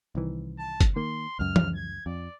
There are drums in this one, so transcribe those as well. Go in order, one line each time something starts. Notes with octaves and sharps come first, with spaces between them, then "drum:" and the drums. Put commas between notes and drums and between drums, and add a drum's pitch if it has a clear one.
C2 D#3 E3
A5
drum: kick, hi-hat
D#3 A#3 C6
C#2 F#2 F6
drum: tom E3
G#6
F2 D5